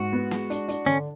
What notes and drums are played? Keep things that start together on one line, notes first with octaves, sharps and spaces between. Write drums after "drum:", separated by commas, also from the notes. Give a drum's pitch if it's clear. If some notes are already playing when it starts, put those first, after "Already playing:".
Already playing: G#2 F#4
B3
G#3, drum: snare
D4, drum: hi-hat
D4, drum: hi-hat
D3 C#4, drum: hi-hat